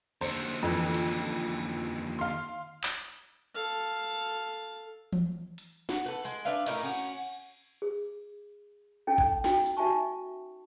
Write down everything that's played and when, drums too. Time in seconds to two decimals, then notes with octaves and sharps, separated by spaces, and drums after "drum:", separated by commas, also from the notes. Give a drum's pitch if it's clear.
0.21 D#2 D3 C5
0.62 F2 E3
0.94 drum: cymbal
2.19 F5 C6
2.83 drum: clap
3.55 A4 F5
5.13 drum: tom E3
5.58 drum: hi-hat
5.89 F#4, drum: snare
6.06 A4 B4
6.25 G#3, drum: hi-hat
6.45 D4 B4 E5 F5
6.66 A2 D#4 A#4 B4, drum: cymbal
6.83 C#4 F#4
7.82 G#4
9.07 C#4 D#4 A4 G5
9.18 drum: kick G#1
9.44 D#4 F#4 G5, drum: snare
9.66 drum: hi-hat
9.77 D#4 F#4 E5 G#5 A5 C#6